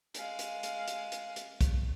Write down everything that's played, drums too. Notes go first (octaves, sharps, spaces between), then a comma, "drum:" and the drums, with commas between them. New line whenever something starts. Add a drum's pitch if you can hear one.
G#3 F5, drum: hi-hat
drum: hi-hat
drum: hi-hat
drum: hi-hat
drum: hi-hat
drum: hi-hat
drum: kick, hi-hat